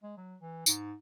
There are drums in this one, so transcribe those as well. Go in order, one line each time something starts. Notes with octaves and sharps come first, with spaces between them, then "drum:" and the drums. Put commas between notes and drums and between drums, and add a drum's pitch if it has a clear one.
G#3
F#3
E3
G#2, drum: tambourine